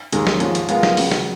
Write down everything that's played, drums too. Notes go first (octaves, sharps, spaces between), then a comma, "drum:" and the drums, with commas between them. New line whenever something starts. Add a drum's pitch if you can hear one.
D#2 D#3 G#3, drum: hi-hat
drum: snare
G#2 F3 G#3 C#4, drum: hi-hat
drum: hi-hat
G#3 B3 F4 A#4 F5, drum: hi-hat
drum: snare
C#2 C#3 F#3, drum: open hi-hat
drum: snare